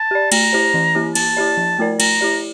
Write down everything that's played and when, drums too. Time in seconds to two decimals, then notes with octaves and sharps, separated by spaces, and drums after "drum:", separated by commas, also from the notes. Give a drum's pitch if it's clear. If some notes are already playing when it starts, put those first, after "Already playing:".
Already playing: A5
0.11 G4 D5
0.32 A3 A#5, drum: cymbal
0.53 E4 G4 C5
0.74 E3
0.95 A#3 E4 G4
1.15 A#3 A5, drum: cymbal
1.37 E4 G4 D5
1.57 F3
1.79 A3 E4 A#4 D5
2.00 A3 A#5, drum: cymbal
2.21 E4 G4 D5